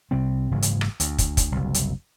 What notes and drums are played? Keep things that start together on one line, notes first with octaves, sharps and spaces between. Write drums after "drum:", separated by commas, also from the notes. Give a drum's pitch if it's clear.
C2 C3 G3 C4
F#1 G#2 C#3 E3
drum: hi-hat
drum: rim click
D2, drum: hi-hat
drum: kick, hi-hat
drum: kick, hi-hat
F#1 C2
drum: hi-hat